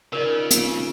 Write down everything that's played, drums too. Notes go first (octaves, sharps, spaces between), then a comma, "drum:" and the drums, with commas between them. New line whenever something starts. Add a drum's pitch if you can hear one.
C#3 D#4 F4 A#4 D5 D#5 E6
drum: hi-hat